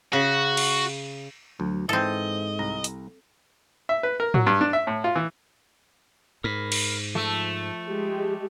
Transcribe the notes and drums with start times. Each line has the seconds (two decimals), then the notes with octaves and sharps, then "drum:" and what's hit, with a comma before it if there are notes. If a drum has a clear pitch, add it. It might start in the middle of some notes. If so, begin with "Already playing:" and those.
0.13 C#3 F#4
0.57 drum: cymbal
1.60 D2 F#3
1.89 G#2 E3 C4 A4 D#5
2.59 C2 A#5
2.84 drum: hi-hat
3.89 E5
4.03 B4
4.20 A#4
4.34 F#3, drum: tom
4.47 G2
4.61 D4
4.73 E5
4.87 A2
5.04 F4
5.16 E3
6.44 G#2 A#4 B5
6.72 drum: cymbal
7.15 F3 A3 E5 A5
7.86 G#3 G4